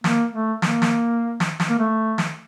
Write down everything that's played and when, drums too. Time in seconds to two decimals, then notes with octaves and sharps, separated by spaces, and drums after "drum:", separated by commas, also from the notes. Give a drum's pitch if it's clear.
0.04 A#3, drum: snare
0.33 A3
0.62 A#3, drum: snare
0.82 drum: snare
1.40 drum: snare
1.60 drum: snare
1.70 A#3
1.79 A3
2.18 drum: snare